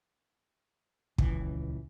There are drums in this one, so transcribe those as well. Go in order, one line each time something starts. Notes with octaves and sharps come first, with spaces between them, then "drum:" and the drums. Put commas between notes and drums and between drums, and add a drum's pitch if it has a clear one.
D#1 C#2 E3, drum: kick